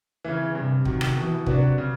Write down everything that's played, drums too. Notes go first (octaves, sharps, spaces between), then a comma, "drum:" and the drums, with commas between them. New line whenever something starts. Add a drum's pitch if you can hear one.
C#3 E3
G2 C3
D#3 F#3, drum: kick
drum: rim click
B2 E3
C3 F#3 B3 D4 F#4, drum: kick
C#3